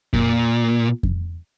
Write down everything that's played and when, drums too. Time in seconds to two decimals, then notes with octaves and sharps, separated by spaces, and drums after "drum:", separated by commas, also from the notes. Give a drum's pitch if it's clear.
0.13 A#2, drum: kick F2
1.03 drum: kick F2